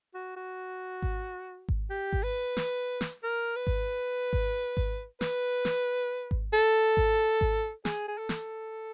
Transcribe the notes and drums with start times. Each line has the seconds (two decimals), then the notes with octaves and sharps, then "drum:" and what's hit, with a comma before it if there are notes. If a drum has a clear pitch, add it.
0.14 F#4
0.36 F#4
1.02 drum: kick G#1
1.69 drum: kick G#1
1.90 G4
2.13 drum: kick G#1
2.23 B4
2.57 drum: snare
3.01 drum: snare
3.23 A#4
3.56 B4
3.67 drum: kick G#1
4.33 drum: kick G#1
4.77 drum: kick G#1
5.21 B4, drum: snare
5.65 drum: snare
6.31 drum: kick G#1
6.53 A4
6.97 drum: kick G#1
7.41 drum: kick G#1
7.85 G#4, drum: snare
8.08 G#4
8.18 A4
8.29 drum: snare